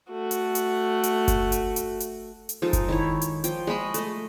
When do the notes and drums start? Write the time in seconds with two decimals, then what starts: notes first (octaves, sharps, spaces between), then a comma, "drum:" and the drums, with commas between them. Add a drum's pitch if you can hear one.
0.11 A3 F#4
0.31 drum: hi-hat
0.55 drum: hi-hat
1.03 drum: hi-hat
1.28 drum: kick F#1, hi-hat
1.52 drum: hi-hat
1.76 drum: hi-hat
2.00 drum: hi-hat
2.49 drum: hi-hat
2.62 F3 G#3 D#4 A4
2.73 drum: kick F#1, hi-hat
2.89 D#3 E4 C#5
3.21 drum: hi-hat
3.44 F3 G5, drum: hi-hat
3.67 G#3 D#5 B5 C#6
3.94 A3 D#5, drum: hi-hat